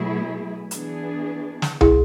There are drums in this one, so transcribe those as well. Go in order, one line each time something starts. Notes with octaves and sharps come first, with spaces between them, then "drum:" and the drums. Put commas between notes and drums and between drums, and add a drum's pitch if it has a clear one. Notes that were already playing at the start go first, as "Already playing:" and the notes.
Already playing: B2 F#3 A3 E4 G#4
E3 B3 D4 G#4, drum: hi-hat
drum: snare
E4 G#4, drum: tom C2